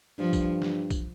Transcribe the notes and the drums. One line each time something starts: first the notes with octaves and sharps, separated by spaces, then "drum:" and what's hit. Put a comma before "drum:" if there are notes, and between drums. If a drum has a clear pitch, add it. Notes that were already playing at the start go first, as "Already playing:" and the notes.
G2 F3
drum: kick B1, tambourine
drum: snare
drum: kick B1, tambourine